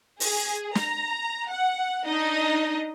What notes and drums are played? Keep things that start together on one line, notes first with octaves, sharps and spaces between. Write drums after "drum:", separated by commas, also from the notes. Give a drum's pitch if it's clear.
G#4, drum: open hi-hat
A#5, drum: snare
F#5
D4 D#4 D#5